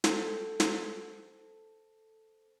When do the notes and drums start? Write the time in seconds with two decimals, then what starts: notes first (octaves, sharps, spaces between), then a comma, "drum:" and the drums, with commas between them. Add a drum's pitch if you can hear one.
0.04 C4 A4, drum: snare
0.60 drum: snare